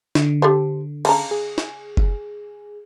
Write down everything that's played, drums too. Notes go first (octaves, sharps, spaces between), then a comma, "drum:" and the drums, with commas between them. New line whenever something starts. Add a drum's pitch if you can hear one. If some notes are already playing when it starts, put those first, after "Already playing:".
D3, drum: snare
G4 A4 C5
C#3 A4 A#5, drum: cymbal
G#4
drum: snare
drum: kick F#1